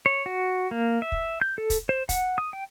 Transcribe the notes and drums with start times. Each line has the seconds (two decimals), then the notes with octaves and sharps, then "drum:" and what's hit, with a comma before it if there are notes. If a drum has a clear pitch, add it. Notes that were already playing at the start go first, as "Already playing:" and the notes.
0.06 C#5
0.26 F#4
0.71 A#3
1.02 E5
1.12 drum: kick
1.41 G6
1.58 A4
1.70 drum: kick, hi-hat
1.89 C5
2.09 F#5, drum: kick, hi-hat
2.38 D#6
2.53 G5